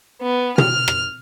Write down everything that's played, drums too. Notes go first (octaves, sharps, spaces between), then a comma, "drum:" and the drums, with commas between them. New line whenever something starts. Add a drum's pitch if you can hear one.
B3
F6, drum: tom
drum: rim click